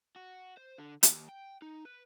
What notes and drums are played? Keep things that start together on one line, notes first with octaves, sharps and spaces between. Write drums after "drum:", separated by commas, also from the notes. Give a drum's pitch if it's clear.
F#4
C5
D3
D#2, drum: hi-hat
G5
D#4
B4